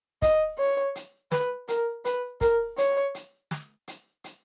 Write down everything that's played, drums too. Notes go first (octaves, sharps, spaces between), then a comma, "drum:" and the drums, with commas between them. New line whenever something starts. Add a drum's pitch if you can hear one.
D#5, drum: kick, hi-hat
C#5
drum: hi-hat
B4, drum: snare
A#4, drum: hi-hat
B4, drum: hi-hat
A#4, drum: kick, hi-hat
C#5, drum: hi-hat
drum: hi-hat
drum: snare
drum: hi-hat
drum: hi-hat